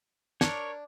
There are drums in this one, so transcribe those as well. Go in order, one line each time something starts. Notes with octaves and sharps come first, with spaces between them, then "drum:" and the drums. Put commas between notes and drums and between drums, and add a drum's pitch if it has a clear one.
D4 A#4 C#5, drum: snare